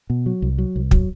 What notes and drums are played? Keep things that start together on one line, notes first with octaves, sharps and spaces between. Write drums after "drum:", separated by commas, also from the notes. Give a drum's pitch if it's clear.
B2
F#3
C2
F#3
C2
F#3, drum: kick